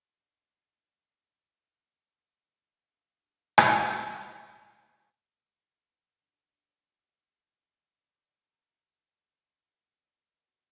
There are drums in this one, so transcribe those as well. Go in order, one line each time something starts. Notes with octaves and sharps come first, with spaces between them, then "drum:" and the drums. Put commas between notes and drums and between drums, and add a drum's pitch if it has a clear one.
D4 C6
D#5 F5 G5 A5 A#5
D4 A#4 D#5
C#4 F5 D#6 E6
D4 F4 G4 G#4 C5
F5 A5
drum: rim click
G#3 B3 G5
F#3 D4
D5
A#5
A#4 F5 F#5
B3 A4 D5
A#4 C#5
B1 C4 F#4 C#6